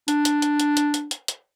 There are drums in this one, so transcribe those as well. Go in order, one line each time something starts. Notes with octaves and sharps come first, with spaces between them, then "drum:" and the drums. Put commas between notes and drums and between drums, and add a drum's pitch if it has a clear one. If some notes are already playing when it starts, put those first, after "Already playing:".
D4, drum: hi-hat
drum: hi-hat
drum: hi-hat
drum: hi-hat
drum: hi-hat
drum: hi-hat
drum: hi-hat
drum: hi-hat